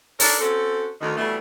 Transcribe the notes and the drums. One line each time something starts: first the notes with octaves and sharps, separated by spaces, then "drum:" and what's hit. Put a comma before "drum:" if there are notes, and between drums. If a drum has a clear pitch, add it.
D4 D#4 A4 A#4 C#5 D5, drum: open hi-hat
C4 C#4 F#4 A4
D2 D#3
B2 E3 G3 A3